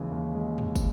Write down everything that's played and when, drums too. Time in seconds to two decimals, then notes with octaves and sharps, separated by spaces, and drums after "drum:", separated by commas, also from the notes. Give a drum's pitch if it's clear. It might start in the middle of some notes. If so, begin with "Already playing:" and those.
Already playing: D#2 C#3 E3 G#3
0.11 D#2
0.35 G#3
0.58 drum: tom
0.75 drum: kick, tambourine